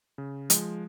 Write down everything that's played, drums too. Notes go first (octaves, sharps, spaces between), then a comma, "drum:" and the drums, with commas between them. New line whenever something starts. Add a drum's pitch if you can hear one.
C#3
F3 G#3, drum: hi-hat